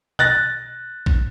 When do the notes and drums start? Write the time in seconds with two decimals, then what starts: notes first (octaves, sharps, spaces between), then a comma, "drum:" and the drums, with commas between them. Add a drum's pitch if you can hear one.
0.19 F#6 A6 A#6, drum: tom B2
1.06 drum: kick A1